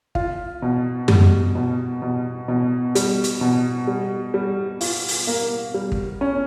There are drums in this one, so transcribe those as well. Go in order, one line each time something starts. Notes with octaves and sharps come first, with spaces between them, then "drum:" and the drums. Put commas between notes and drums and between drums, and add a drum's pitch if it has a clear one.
F4, drum: kick
B2
G3, drum: tom F#2
B2
B2
B2
G3, drum: hi-hat
drum: hi-hat
B2
G3
G3
F4, drum: open hi-hat
drum: open hi-hat
A#3
G3
drum: kick
C#4